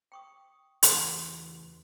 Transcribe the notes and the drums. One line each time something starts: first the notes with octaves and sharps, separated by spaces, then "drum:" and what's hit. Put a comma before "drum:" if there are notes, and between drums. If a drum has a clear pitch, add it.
G5 C#6 D#6
E2 C#3 E3 F#4 G#5 C6, drum: hi-hat